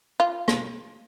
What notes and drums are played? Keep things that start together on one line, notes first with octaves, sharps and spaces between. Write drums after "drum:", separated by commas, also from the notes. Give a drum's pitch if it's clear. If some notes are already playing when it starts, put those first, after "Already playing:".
F4
drum: rim click